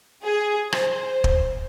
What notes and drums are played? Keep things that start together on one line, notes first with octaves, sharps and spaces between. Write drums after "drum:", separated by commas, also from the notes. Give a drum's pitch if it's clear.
G#4
C5, drum: rim click
drum: kick